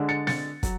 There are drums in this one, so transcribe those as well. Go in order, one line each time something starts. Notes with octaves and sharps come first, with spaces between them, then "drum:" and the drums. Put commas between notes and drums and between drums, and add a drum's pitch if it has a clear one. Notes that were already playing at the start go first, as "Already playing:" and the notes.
Already playing: D3 G#3 D4
A6 C#7
A6 C#7, drum: snare
F#3, drum: kick, hi-hat